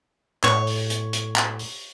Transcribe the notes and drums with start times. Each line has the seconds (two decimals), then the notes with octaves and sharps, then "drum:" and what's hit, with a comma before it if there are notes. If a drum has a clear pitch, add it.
0.44 A2 C#5, drum: clap
0.67 drum: open hi-hat
0.90 drum: hi-hat
1.13 drum: hi-hat
1.36 drum: clap
1.59 drum: open hi-hat